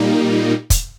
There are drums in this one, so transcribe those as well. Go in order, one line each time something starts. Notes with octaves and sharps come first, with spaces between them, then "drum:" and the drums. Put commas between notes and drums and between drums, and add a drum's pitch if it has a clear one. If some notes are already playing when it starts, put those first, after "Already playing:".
Already playing: A#2 G3 A#3 D#4
drum: kick, hi-hat